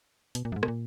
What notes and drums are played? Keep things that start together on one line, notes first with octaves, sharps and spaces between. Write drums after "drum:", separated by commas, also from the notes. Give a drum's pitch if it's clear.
B2, drum: hi-hat
A#2
F#2
G#2
B2, drum: rim click
A#2